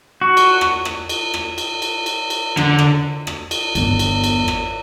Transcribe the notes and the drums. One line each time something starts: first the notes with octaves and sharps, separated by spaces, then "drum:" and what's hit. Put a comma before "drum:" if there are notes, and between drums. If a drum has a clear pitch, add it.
F#4
drum: cymbal
drum: rim click
drum: rim click
drum: cymbal
drum: rim click
drum: cymbal
drum: cymbal
drum: cymbal
drum: cymbal
D3, drum: rim click
drum: rim click
drum: rim click
drum: cymbal
G1 E2, drum: cymbal
drum: cymbal
drum: cymbal
drum: rim click